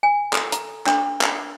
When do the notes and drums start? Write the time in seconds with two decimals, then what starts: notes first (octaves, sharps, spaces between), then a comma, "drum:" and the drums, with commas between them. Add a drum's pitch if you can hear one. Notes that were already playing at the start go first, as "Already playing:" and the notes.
0.03 G#5
0.33 A4, drum: clap
0.52 A#5, drum: hi-hat
0.87 D4, drum: clap
1.21 drum: clap